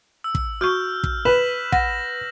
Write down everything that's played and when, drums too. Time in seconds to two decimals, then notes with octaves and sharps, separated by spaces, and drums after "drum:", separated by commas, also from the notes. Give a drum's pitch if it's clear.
0.24 E6
0.35 drum: kick
0.61 F#4 C#6 F6 G6
1.04 drum: kick
1.25 B4 B6 E7 F#7
1.72 F#5 A#6, drum: kick